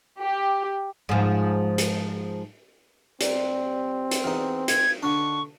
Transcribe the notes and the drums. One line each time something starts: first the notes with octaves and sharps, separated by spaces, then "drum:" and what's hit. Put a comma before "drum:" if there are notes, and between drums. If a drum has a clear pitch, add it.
G4
G#2 F3
drum: hi-hat
A#2 G3 C4, drum: hi-hat
drum: hi-hat
E2 D#4
D#3 E5 G#6, drum: hi-hat
D3 D4 C#6